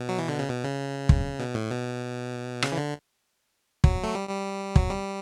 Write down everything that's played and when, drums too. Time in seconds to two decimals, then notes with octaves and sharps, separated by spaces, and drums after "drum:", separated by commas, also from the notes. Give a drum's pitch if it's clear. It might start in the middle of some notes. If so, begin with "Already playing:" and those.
Already playing: B2
0.09 F#3
0.19 E3
0.28 D3
0.39 C#3
0.49 B2
0.64 C#3
1.09 drum: kick
1.39 B2
1.54 A2
1.70 B2
2.62 C#3, drum: rim click
2.72 E3
2.78 D3
3.84 F#3, drum: kick
4.03 A3
4.15 G3
4.29 G3
4.76 F#3, drum: kick
4.90 G3